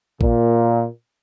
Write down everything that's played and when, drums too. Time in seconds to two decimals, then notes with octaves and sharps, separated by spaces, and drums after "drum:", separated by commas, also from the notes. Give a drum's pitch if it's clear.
0.21 A#2, drum: kick A1